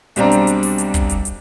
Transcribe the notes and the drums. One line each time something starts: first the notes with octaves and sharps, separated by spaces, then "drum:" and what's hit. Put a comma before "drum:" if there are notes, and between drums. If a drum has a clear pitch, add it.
B1 G3 C4 D4 A#5, drum: hi-hat
drum: hi-hat
drum: hi-hat
drum: open hi-hat
drum: hi-hat
drum: kick, hi-hat
drum: hi-hat
drum: hi-hat